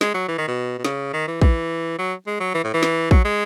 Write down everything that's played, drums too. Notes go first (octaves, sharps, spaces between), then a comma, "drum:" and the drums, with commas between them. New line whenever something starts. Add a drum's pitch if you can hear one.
G#3, drum: snare
F#3
E3
D#3
B2
B2
C#3, drum: snare
D#3
E3
E3, drum: kick
F#3
G#3
F#3
E3
A2
E3
drum: snare
F#3, drum: kick
G#3